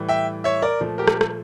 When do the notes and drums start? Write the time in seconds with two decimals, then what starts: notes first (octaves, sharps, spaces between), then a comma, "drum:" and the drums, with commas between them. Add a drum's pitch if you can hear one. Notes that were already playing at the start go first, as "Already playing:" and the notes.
Already playing: A2 E3 G3
0.09 E5 G5
0.44 C#5 E5
0.62 A#4 D5
0.80 A#2 F3 A3
0.98 G4 A#4
1.07 drum: rim click
1.21 drum: rim click